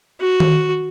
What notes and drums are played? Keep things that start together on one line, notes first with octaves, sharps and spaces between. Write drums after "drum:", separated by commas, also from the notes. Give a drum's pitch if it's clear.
F#4
drum: tom D#3